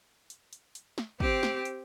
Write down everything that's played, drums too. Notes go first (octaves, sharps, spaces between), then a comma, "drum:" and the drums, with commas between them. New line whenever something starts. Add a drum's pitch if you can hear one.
drum: hi-hat
drum: hi-hat
drum: hi-hat
drum: snare
C4 G4, drum: kick
drum: snare
drum: hi-hat